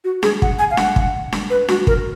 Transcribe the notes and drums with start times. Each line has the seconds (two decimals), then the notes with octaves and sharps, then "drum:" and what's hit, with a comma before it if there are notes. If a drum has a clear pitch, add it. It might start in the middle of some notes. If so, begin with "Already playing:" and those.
0.04 F#4
0.23 G#4, drum: snare D4
0.42 F#5, drum: kick
0.59 G#5
0.71 F5
0.77 F#5, drum: snare D4
0.96 drum: kick
1.32 drum: snare D4
1.50 B4
1.68 F#4, drum: snare D4
1.87 A#4, drum: kick